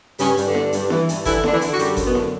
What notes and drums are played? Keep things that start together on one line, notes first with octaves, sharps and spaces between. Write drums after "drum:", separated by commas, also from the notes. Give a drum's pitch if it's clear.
G2 C#3 C#4, drum: hi-hat
G2, drum: hi-hat
D3 D4
G2, drum: snare E4
G2, drum: hi-hat
E3, drum: snare E4
G2, drum: hi-hat
D3 E3 E4, drum: kick G1, hi-hat
D3 D4, drum: snare E4
E3 E4
D3, drum: hi-hat
F#4
F#2 G3 G4, drum: hi-hat
F#2, drum: kick G1, hi-hat
B2 B3
D3, drum: snare E4